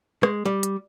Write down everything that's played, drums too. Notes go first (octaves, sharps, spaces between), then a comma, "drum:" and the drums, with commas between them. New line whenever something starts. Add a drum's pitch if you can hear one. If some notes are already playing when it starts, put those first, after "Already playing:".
G#3, drum: rim click
G3
drum: hi-hat